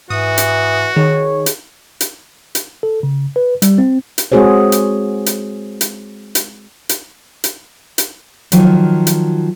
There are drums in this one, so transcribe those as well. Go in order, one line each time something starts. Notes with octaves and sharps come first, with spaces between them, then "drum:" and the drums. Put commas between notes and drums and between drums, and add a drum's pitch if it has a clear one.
G#2 E3 F#4 D#6
drum: hi-hat
D#3 G#4 C#5
drum: hi-hat
drum: hi-hat
drum: hi-hat
A4
C#3
B4
G3, drum: hi-hat
C4
drum: hi-hat
G#3 C4 F#4 G#4 C5 C#5
drum: hi-hat
drum: hi-hat
drum: hi-hat
drum: hi-hat
drum: hi-hat
drum: hi-hat
drum: hi-hat
D#3 F3 F#3, drum: hi-hat
drum: hi-hat